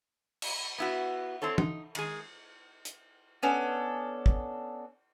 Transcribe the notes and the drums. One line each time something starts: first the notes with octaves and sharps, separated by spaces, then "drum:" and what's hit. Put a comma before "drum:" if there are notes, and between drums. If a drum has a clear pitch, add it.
drum: cymbal
B3 E4 F#4
C4 E4 A4 C#5
D#4, drum: tom
D#3 G#3 G#4, drum: cymbal
drum: hi-hat
B3 C#4 D4 A4
drum: kick